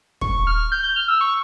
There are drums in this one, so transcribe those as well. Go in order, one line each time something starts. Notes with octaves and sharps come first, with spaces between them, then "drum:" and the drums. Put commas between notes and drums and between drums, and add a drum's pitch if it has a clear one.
C#6, drum: kick
F6
G6
G6
F6
E6
C#6